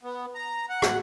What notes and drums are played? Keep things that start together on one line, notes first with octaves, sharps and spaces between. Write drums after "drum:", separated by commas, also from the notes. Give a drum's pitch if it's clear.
B3
A#5
F#5
drum: rim click